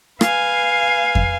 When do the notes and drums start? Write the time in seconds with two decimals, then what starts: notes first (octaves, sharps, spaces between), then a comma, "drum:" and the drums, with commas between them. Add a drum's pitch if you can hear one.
0.21 B4 F5 G#5, drum: rim click
1.15 drum: kick F2